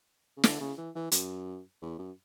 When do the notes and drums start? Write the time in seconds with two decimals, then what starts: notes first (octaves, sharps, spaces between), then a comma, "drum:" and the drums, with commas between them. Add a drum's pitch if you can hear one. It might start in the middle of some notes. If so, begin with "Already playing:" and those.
0.37 C#3
0.44 D3, drum: snare
0.60 C#3
0.78 E3
0.95 E3
1.12 F#2, drum: hi-hat
1.82 E2
1.99 F#2